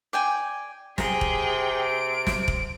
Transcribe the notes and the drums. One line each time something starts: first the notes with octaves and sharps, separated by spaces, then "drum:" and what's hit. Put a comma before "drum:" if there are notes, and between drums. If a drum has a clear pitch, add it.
D5 G5 G#5
C3 G#4 G5 A#5, drum: snare
drum: kick E1
D7
drum: snare
drum: kick E1